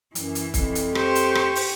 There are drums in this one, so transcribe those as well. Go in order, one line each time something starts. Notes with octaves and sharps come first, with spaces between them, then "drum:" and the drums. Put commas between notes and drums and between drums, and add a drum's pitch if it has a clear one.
F#2 E3, drum: hi-hat
drum: hi-hat
F2, drum: kick, hi-hat
drum: hi-hat
G4 C5 C#6, drum: rim click
drum: hi-hat
drum: rim click
drum: open hi-hat